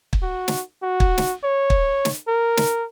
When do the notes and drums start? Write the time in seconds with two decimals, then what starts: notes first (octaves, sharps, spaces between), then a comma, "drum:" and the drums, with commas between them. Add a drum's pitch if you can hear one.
0.13 drum: kick
0.22 F#4
0.48 drum: snare
0.83 F#4
1.00 drum: kick
1.18 drum: snare
1.44 C#5
1.70 drum: kick
2.05 drum: snare
2.28 A#4
2.57 drum: snare